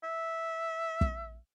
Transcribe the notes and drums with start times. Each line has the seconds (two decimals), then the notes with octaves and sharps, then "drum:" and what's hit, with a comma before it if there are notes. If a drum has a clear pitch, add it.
0.04 E5
1.01 drum: kick